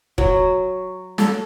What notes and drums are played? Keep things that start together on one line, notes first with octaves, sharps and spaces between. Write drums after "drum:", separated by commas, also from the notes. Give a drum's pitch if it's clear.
F#3, drum: kick E1
A4, drum: snare